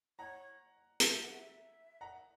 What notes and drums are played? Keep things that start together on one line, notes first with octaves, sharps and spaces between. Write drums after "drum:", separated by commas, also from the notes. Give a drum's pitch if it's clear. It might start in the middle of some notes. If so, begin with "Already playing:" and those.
C#5 F#5 A#5
drum: hi-hat
E5
F#5
E5
F#5 A#5